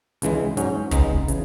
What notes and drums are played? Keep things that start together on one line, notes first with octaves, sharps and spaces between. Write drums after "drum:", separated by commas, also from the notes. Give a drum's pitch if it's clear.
C#2 C#3 E3 G#3, drum: hi-hat
G#2 F#3 C#4, drum: hi-hat
C#2 C#3 G#3 B3 D#4, drum: kick, hi-hat
C#3 E3, drum: hi-hat